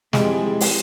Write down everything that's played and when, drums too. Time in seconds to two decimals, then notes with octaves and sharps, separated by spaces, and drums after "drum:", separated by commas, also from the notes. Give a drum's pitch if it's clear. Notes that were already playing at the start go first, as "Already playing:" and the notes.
0.13 F2 E3 G3 G#3, drum: snare
0.61 drum: open hi-hat